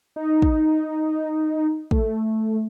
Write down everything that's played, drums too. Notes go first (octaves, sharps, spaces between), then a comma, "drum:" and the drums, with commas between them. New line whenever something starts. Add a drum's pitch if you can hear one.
D#4
drum: kick
A3, drum: kick